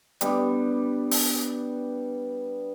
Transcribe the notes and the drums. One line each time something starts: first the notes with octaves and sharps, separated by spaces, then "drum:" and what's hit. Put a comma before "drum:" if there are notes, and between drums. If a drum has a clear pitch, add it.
G3 B3 D4, drum: hi-hat
drum: open hi-hat